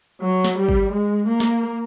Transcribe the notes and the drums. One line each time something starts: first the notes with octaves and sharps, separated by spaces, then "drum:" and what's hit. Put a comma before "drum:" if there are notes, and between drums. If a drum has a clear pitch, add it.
F#3
drum: snare
G3
drum: kick
G#3
A#3
drum: snare